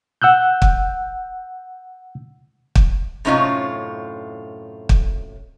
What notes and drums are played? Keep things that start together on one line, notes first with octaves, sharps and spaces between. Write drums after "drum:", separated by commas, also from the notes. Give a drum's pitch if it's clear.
F#5 E6 F#6 G6
drum: kick
drum: kick
F#2 A2 C3 C#4 D#4 F4
drum: kick